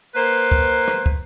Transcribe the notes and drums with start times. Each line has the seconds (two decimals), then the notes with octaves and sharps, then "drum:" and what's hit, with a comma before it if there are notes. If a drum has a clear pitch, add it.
0.15 A#3 B4 C5
0.52 drum: kick
0.88 drum: rim click
1.06 drum: kick